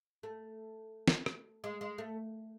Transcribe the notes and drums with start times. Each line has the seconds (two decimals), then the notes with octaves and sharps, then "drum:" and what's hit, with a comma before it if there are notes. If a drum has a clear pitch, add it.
0.23 A3
1.08 drum: snare
1.26 drum: rim click
1.64 G#3
1.81 G#3
1.98 A3